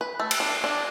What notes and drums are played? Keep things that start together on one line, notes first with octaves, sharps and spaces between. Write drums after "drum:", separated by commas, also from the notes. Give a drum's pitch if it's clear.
B4
A3
drum: cymbal
D4
D4